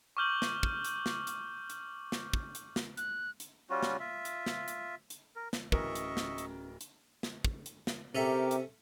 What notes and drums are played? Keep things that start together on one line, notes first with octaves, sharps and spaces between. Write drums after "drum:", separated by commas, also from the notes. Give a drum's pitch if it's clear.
C#6 D6 F6 G6 F#7
drum: snare
drum: kick
drum: hi-hat
drum: snare
drum: hi-hat
drum: hi-hat
drum: snare
drum: kick
drum: hi-hat
drum: snare
F#6, drum: hi-hat
drum: hi-hat
G3 C#4 F4 F#4
drum: snare
F4 E5
drum: hi-hat
drum: snare
drum: hi-hat
drum: hi-hat
A#4
drum: snare
D1 E3 C#4 A#4 D#5 E5 C#6, drum: kick
drum: hi-hat
drum: snare
drum: hi-hat
drum: hi-hat
drum: snare
drum: kick
drum: hi-hat
drum: snare
C3 C#4 G4 A4 A#4 E5
drum: hi-hat